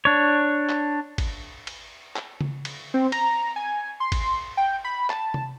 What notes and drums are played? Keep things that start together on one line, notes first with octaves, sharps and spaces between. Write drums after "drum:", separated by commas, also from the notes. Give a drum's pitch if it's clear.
D4 C#5
drum: clap
drum: kick G#1, cymbal
drum: cymbal
drum: clap
drum: tom C#3
drum: cymbal
C4
A#5, drum: cymbal
G#5
C6
drum: kick G#1, cymbal
G5
B5
A5, drum: clap
drum: tom C3